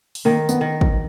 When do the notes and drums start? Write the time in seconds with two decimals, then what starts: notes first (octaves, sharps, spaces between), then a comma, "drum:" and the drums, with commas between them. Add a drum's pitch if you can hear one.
0.15 drum: open hi-hat
0.25 D#3 A#3
0.49 B3, drum: tambourine
0.61 D#3
0.81 drum: kick